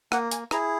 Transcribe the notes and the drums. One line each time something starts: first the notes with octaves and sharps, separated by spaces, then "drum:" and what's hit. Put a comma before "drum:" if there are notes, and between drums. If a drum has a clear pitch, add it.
A#3 F#5, drum: rim click
G#5, drum: hi-hat
E4 G#4 A#5, drum: rim click